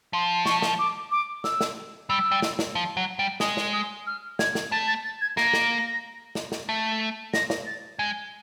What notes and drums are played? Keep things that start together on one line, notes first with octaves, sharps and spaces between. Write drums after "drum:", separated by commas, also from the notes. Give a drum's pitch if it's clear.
F3 C6
C#6, drum: snare
drum: snare
D6
D6
E6, drum: snare
drum: snare
G3 E6
G3
drum: snare
drum: snare
F3
F#3
G3
G#3 D#6, drum: snare
drum: snare
D#6
F6
G#6, drum: snare
drum: snare
A3 A6
A6
A6
G#6
A#3 A#6, drum: snare
drum: snare
drum: snare
drum: snare
A3
A#6, drum: snare
drum: snare
A6
G#3 G#6